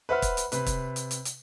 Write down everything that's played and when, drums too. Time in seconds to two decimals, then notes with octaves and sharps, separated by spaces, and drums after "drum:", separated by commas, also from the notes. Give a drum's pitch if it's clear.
0.09 B4 C5 E5 F#5 B5 F6
0.22 drum: kick, hi-hat
0.37 drum: hi-hat
0.52 C3 B4, drum: hi-hat
0.66 drum: kick, hi-hat
0.96 drum: hi-hat
1.11 drum: hi-hat
1.25 drum: hi-hat